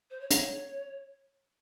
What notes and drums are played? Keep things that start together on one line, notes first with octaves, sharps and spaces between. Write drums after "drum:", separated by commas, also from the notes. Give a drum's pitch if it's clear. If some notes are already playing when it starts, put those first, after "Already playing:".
C5
C#5
C#5, drum: hi-hat